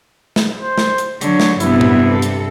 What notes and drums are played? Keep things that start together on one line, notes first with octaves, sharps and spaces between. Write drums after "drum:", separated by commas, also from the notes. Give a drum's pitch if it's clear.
drum: snare
C5
drum: snare
drum: hi-hat
D3 F#3 C#5, drum: hi-hat
drum: snare
G2 C3 B3 E4, drum: hi-hat
drum: tom A2
A4
drum: hi-hat